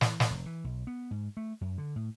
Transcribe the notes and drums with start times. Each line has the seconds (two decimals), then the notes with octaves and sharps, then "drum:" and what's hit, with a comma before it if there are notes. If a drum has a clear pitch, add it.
0.01 E3, drum: snare
0.20 drum: snare
0.30 F1
0.46 E3
0.64 B1
0.87 B3
1.11 G#2
1.37 A3
1.61 F#2
1.78 D3
1.96 A2